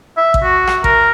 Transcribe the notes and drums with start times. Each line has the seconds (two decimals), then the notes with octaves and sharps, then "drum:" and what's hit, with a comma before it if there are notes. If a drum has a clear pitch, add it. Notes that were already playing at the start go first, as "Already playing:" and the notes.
0.17 E5
0.34 drum: kick A1
0.43 F#4
0.67 drum: rim click
0.84 A#4, drum: kick A1